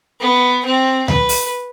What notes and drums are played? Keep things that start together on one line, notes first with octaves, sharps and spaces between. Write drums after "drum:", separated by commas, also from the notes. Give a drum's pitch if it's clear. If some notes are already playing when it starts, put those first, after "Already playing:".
B3
C4
B4, drum: tom D2
drum: open hi-hat